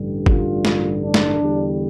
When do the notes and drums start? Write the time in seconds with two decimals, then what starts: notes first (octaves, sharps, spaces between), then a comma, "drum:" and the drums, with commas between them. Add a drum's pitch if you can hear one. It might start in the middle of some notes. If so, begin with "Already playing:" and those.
Already playing: A1 G2 D3 G3
0.26 F4, drum: kick
0.65 drum: snare
1.02 D4
1.14 drum: snare
1.40 E2 D3 G3